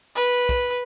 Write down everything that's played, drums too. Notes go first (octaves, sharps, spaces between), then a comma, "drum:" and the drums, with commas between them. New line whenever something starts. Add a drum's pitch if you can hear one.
B4
drum: kick